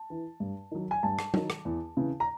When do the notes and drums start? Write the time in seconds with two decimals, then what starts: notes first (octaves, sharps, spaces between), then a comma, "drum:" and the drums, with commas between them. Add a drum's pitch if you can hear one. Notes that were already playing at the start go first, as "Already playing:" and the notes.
Already playing: A5
0.10 E3
0.40 G2
0.71 D#3 F#3
0.91 G#5
1.03 G2 A5
1.19 drum: rim click
1.34 D#3 F#3, drum: tom
1.50 drum: rim click
1.65 E2
1.97 C#3 E3
2.20 A#5